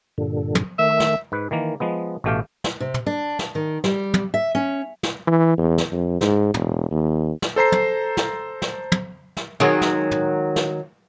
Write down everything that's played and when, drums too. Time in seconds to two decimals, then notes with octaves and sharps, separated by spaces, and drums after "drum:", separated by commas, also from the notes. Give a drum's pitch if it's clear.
0.18 G2 A#2 D3
0.55 drum: tom
0.79 D#3 A3 E5
1.00 drum: snare
1.32 G#2 B4
1.51 D#3 E3 A#3
1.80 F3 G#3 B3
2.24 A1 B2 A3 G4 F5 G5
2.64 drum: snare
2.80 C3
2.94 drum: tom
3.06 D4
3.39 drum: snare
3.55 D#3
3.84 G3, drum: snare
4.14 drum: tom
4.34 E5
4.55 C#4
5.03 drum: snare
5.27 E3
5.58 E2
5.78 drum: snare
5.92 F2
6.21 G#2, drum: snare
6.54 E1, drum: tom
6.91 D#2
7.42 drum: snare
7.56 A4 C5 A#5 C7
7.72 drum: tom
8.17 drum: snare
8.62 drum: snare
8.92 drum: tom
9.37 drum: snare
9.60 D#3 F#3 G#3
9.81 drum: snare
10.11 drum: tom
10.56 drum: snare